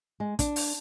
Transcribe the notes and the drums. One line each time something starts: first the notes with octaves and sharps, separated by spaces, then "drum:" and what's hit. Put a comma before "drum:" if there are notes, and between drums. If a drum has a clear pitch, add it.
G#3
D4, drum: kick, hi-hat
drum: open hi-hat